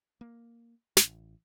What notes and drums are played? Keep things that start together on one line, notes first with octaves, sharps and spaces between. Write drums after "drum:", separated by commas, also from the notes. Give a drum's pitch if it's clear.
A#3
A1, drum: snare